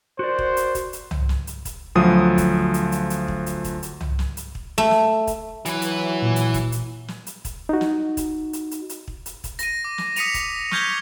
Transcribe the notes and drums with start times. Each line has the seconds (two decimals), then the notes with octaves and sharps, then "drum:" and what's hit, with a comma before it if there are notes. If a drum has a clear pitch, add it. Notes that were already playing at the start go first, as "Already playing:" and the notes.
0.19 F#4 A#4 C5 D5
0.39 drum: kick
0.57 drum: hi-hat
0.75 drum: kick, hi-hat
0.93 drum: hi-hat
1.11 drum: tom
1.29 drum: snare
1.47 drum: hi-hat
1.65 drum: kick, hi-hat
1.95 D2 F3 F#3 D#6
2.38 drum: kick, hi-hat
2.74 drum: hi-hat
2.92 drum: hi-hat
3.10 drum: hi-hat
3.28 drum: kick
3.46 drum: hi-hat
3.64 drum: kick, hi-hat
3.83 drum: hi-hat
4.01 drum: tom
4.19 drum: snare
4.37 drum: hi-hat
4.55 drum: kick
4.78 A3
4.91 drum: snare
5.27 drum: kick, hi-hat
5.66 E3 F#3 B4, drum: hi-hat
5.82 drum: hi-hat
6.22 A#2
6.36 drum: hi-hat
6.54 drum: kick, hi-hat
6.72 drum: hi-hat
7.08 drum: snare
7.27 drum: hi-hat
7.45 drum: kick, hi-hat
7.69 D#4 F#4
7.81 drum: snare
8.17 drum: kick, hi-hat
8.53 drum: hi-hat
8.71 drum: hi-hat
8.89 drum: hi-hat
9.08 drum: kick
9.26 drum: hi-hat
9.44 drum: kick, hi-hat
9.59 A#6 D#7, drum: hi-hat
9.85 D6
9.98 drum: snare
10.16 D#6 B6 C#7 D#7 F7, drum: hi-hat
10.34 drum: kick, hi-hat
10.71 C#6 F6 G6 G#6 B6 G7, drum: snare